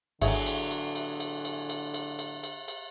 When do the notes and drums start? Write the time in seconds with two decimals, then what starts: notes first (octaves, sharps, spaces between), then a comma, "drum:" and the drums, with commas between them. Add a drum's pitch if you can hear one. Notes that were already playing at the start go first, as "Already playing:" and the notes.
0.21 G#1 A2 D3 F#3 B3 G#4 C#5 E5, drum: cymbal
0.46 drum: cymbal
0.71 drum: cymbal
0.95 drum: cymbal
1.20 drum: cymbal
1.45 drum: cymbal
1.69 drum: cymbal
1.94 drum: cymbal
2.19 drum: cymbal
2.43 drum: cymbal
2.68 drum: cymbal